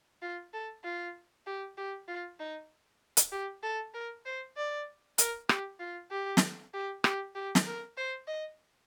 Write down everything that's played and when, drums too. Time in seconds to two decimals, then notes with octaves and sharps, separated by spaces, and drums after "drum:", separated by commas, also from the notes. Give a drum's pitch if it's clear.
0.22 F4
0.53 A4
0.84 F4
1.47 G4
1.78 G4
2.08 F4
2.40 D#4
3.17 drum: hi-hat
3.32 G4
3.63 A4
3.94 A#4
4.26 C5
4.56 D5
5.18 A#4, drum: hi-hat
5.49 G4, drum: rim click
5.80 F4
6.11 G4
6.37 drum: snare
6.74 G4
7.04 G4, drum: rim click
7.35 G4
7.55 drum: snare
7.67 A#4
7.97 C5
8.28 D#5